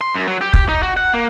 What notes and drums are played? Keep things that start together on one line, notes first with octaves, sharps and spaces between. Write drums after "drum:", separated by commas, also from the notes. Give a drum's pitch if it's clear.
C6
F#2
F#3
G4
G4, drum: kick
D#4
F#4
F#5
A#3